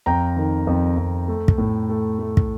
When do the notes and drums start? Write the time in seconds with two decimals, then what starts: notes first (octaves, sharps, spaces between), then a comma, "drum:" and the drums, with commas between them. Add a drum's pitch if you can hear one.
0.06 F2 G5 A#5
0.37 D#3
0.67 F2
0.97 F2
1.28 A3
1.48 drum: kick
1.58 A2
1.89 A3
2.19 A3
2.37 drum: kick